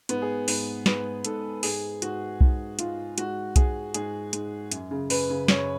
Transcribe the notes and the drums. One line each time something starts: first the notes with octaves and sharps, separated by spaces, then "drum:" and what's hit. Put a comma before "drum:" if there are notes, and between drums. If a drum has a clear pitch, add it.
G#2 B3, drum: hi-hat
G#4
G#2 B4, drum: open hi-hat
G#2 B4, drum: snare
G#2 A4, drum: hi-hat
G#2 G#4, drum: open hi-hat
G#2 F#4, drum: hi-hat
G#2, drum: kick B1
G#2 F4, drum: hi-hat
G#2 F#4, drum: hi-hat
G#2 G#4, drum: kick B1, hi-hat
G#2 G#4, drum: hi-hat
G#2, drum: hi-hat
F#2, drum: hi-hat
C#3
F#2 B4, drum: open hi-hat
C#3
F#2 C#5, drum: snare